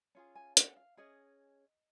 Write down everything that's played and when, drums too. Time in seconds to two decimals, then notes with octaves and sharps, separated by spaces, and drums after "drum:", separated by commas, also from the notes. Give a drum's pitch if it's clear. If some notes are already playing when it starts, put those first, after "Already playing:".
0.15 C#4 F4 G#4
0.35 G#5
0.57 F#5, drum: hi-hat
0.77 F5
0.97 C#4 G#4 D#5